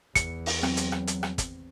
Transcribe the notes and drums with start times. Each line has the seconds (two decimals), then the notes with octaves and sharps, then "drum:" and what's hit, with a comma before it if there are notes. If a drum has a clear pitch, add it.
0.15 E2 C#7, drum: kick, hi-hat
0.46 drum: open hi-hat
0.63 F#3 C4, drum: rim click
0.77 drum: hi-hat
0.92 drum: rim click
1.07 drum: hi-hat
1.23 drum: rim click
1.38 drum: kick, hi-hat